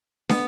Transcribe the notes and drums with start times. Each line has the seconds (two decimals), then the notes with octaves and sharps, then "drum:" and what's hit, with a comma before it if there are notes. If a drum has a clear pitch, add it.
0.29 B3, drum: snare